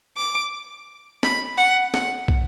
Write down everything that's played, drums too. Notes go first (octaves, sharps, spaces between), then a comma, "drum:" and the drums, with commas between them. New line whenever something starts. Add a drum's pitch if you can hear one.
D6
B5, drum: snare
F#5
F#5, drum: snare
drum: kick